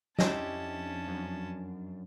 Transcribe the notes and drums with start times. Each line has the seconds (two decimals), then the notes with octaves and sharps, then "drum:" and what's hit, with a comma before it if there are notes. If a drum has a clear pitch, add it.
0.18 F2 C#4 D4 E4 G4 C5 D#5 A5, drum: snare
1.08 F#2